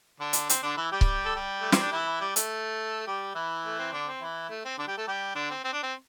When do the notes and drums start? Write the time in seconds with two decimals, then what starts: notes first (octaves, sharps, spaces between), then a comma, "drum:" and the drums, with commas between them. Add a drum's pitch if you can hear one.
0.20 D3 D4
0.33 drum: hi-hat
0.49 C4, drum: hi-hat
0.63 D3 D4
0.77 E3 E4
0.92 G3 G4
1.01 drum: kick C#1
1.26 A4
1.35 G3 G4
1.61 A3
1.72 C4, drum: snare
1.82 D4
1.92 E3 E4
2.21 G3 G4
2.36 A3 A4, drum: hi-hat
3.07 G3 G4
3.35 E3 E4
3.65 A3
3.79 C4
3.92 D3 D4
4.06 C4
4.21 E3 E4
4.49 A3
4.65 C4
4.78 D3 D4
4.87 G3 G4
4.97 A3 A4
5.07 G3 G4
5.35 D3 D4
5.50 C4
5.64 C4
5.73 D4
5.83 C4